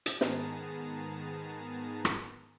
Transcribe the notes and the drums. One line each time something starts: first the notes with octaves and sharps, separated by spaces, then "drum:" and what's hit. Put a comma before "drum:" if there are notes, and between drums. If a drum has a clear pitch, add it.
drum: hi-hat
G#2 D#3 B3 G#4 A5 A#5, drum: snare
drum: rim click